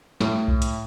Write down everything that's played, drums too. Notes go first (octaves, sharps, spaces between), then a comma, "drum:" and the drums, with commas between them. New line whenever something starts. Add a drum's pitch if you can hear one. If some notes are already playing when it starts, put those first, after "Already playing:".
A2, drum: snare
drum: kick C2
drum: hi-hat